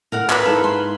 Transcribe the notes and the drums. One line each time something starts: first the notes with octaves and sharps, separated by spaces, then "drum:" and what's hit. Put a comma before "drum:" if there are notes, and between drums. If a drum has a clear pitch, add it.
A2 A#4 F5 F#5
A#3 F4 A#4 B4 C6 G#6, drum: clap
G#2 G#3 E4 A4
C6